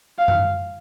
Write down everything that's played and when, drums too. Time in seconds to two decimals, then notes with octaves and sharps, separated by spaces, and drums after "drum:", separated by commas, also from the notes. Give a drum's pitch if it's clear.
0.19 F5
0.28 drum: tom F#2